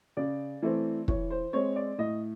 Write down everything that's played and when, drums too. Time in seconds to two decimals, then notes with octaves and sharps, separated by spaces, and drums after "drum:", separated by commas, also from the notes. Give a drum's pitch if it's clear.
0.17 C#3 D5
0.62 E3 A3 C4
1.08 E3 C#5, drum: kick
1.30 C5
1.53 G#3 C4 C#5
1.76 D5
1.99 A2 D#5